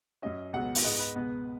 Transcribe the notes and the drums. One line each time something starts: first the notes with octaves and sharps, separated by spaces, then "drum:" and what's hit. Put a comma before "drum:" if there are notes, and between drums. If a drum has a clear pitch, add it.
F#2 F#3 C#4 D#5
C#2 B2 F#3 B3 F#5
drum: open hi-hat
G#2 G#3 B3 D#5
B4
C#2 B2 B3